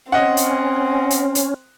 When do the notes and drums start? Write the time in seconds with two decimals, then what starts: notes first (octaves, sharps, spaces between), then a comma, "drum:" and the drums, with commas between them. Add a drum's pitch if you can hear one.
0.12 C4 C#4 D#5 F#5
0.37 drum: hi-hat
1.10 drum: hi-hat
1.35 drum: hi-hat